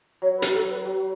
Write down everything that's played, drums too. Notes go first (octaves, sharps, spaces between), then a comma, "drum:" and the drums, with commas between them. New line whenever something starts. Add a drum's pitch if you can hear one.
F#3 C#5
B4
F#3, drum: hi-hat
A4
F#3
B4
F#3